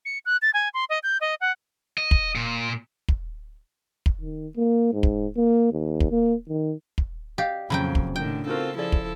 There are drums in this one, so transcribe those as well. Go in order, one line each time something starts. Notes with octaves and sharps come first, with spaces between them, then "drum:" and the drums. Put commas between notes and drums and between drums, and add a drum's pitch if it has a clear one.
C#7
F#6
A6
G#5
C6
D#5
G6
D#5
F#5
D#5
drum: kick
A#2
drum: kick
drum: kick
D#3
A#3
G#2
drum: kick
A#3
D#2
drum: kick
A#3
D#3
drum: kick
G4 D5 D#5 F5
F2 A#2 C#3 F#3 G5 B5
drum: kick
A2 D3 D#3 G5
C4 D#4 F4 F#4 A4 A#4
F3 E4 G#4 A4 D5
drum: kick